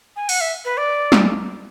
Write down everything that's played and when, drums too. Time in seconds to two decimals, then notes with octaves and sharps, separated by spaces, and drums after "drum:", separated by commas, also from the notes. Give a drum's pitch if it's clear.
0.16 G#5
0.29 F#5, drum: open hi-hat
0.41 E5
0.65 B4
0.77 D5
1.12 drum: snare